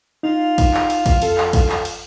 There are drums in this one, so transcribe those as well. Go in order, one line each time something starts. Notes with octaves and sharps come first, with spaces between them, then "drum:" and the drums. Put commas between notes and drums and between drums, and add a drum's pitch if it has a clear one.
D#4 F4 F5
drum: kick, cymbal
drum: clap
drum: cymbal
drum: kick, cymbal
F2 A4, drum: cymbal
drum: clap
drum: kick, cymbal
drum: clap
drum: cymbal